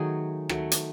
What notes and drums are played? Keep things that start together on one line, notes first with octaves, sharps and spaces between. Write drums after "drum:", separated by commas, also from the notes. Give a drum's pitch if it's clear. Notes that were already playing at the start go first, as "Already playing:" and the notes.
Already playing: D#3 F#3 A3 G#4
D#3 F#3 A3, drum: rim click
drum: hi-hat